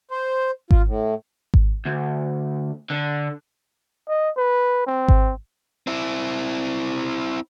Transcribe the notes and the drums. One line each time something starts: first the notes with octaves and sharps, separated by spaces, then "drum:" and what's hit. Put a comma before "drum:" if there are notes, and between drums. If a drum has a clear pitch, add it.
C5
F4, drum: kick G#1
A2
drum: kick G#1
D2
D3
D#5
B4
C4
drum: kick G#1
C4 E4